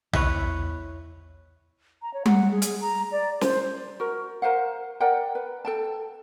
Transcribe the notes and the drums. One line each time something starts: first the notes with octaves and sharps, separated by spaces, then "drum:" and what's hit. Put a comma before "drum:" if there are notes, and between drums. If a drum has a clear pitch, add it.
E2 E4 B4 C#5, drum: tom
A#5
C#5
F#5, drum: tom G3
G#4
drum: hi-hat
A#5
D5
C5, drum: snare
F#4 A#4
A#4 C5 F5 F#5
A#4 D5 F#5 G5
B4
A4 G5 A5